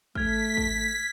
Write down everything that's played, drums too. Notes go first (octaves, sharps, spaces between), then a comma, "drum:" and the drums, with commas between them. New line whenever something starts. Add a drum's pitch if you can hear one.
A3 F6 G#6 B6, drum: kick
drum: kick